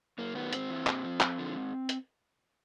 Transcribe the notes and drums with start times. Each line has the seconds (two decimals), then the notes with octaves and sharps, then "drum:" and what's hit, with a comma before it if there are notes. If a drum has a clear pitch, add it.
0.18 F#2 A#3
0.35 D#3 F#3 B3
0.53 G#2 C4, drum: hi-hat
0.70 E3
0.87 A#2, drum: clap
1.04 F3
1.20 F2, drum: clap
1.38 D3 F3
1.55 G#2
1.89 drum: hi-hat